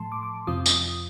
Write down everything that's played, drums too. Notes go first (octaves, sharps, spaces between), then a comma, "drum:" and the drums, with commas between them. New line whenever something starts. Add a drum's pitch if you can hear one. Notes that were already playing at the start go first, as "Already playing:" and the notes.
Already playing: A2 F3 A3 A5 C6
D6
D6
F2 C3 F3 C4 F4 D#6
drum: tambourine